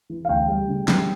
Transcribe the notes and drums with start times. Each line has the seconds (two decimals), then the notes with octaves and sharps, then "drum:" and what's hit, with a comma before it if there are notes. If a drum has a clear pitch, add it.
0.10 E3
0.25 F5
0.29 D2 G5
0.48 G3
0.68 C#3
0.88 G3, drum: snare